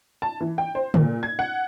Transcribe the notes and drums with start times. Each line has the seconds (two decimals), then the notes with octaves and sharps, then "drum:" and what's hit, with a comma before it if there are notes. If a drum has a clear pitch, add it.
0.22 A5
0.41 E3
0.58 G5
0.75 C5
0.94 A#2, drum: tom
1.23 G#6
1.39 F#5